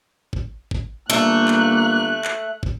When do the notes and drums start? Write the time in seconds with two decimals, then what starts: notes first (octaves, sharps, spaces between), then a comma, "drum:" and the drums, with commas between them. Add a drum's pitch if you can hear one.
0.33 drum: kick
0.71 drum: kick
1.10 G1 A3 A#3 F#6
1.48 drum: clap
2.25 drum: clap
2.63 drum: kick